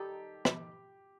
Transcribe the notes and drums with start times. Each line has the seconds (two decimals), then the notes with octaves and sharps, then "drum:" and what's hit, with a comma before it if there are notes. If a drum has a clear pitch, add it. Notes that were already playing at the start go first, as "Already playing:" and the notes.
Already playing: D#3 G3 D#4 G4 A4
0.45 drum: rim click